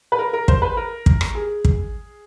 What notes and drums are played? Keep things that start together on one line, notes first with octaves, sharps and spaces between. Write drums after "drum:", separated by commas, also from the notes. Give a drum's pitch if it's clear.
B4
A#4
A#4
C5, drum: kick
B4
A#4
drum: kick
drum: rim click
G#4
drum: kick